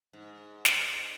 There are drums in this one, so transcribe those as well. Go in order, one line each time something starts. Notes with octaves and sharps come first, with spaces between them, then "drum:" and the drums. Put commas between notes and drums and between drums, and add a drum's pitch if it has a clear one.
G#2
drum: snare